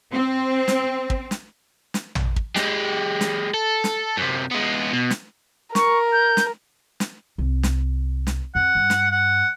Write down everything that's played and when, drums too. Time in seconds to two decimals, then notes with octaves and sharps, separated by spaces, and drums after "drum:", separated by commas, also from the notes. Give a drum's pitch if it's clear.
0.11 C4
0.68 drum: snare
1.10 drum: kick
1.31 drum: snare
1.94 drum: snare
2.15 drum: tom
2.36 drum: kick
2.56 G#3 G4, drum: snare
3.21 drum: snare
3.54 A4
3.84 drum: snare
4.17 F#2 C3
4.51 G#3 B3
4.93 B2
5.10 drum: snare
5.75 A#4 C#6, drum: snare
6.12 G6
6.37 drum: snare
7.00 drum: snare
7.38 C2
7.63 drum: snare
8.27 drum: snare
8.55 F2 F#5
8.75 G2
8.90 drum: snare
9.11 F#5